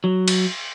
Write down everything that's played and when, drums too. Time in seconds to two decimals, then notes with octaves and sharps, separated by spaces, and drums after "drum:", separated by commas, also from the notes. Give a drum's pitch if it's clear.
0.04 F#3
0.28 drum: cymbal